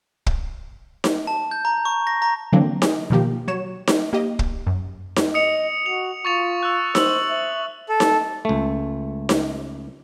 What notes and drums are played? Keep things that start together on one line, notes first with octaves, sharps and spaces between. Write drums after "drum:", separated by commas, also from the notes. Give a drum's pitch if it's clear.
drum: kick
drum: snare D#4
A5
G6
A#5
C#6
A#6
A#5
D3 E3 F#3 A#3 C4 D4
G#4, drum: snare D#4
B2 D#3 F3 A#3 G4
F#3 C#5 E7
drum: snare D#4
A#3 G4 D#5
drum: kick
F#2
drum: snare D#4
D#5 D#6 C#7 F7
F#4 F7
F4 C#6 A6 F7
E6 F#6
C5 E6 F#7, drum: snare D#4
E5
A4
drum: snare D#4
C#2 A3
drum: snare D#4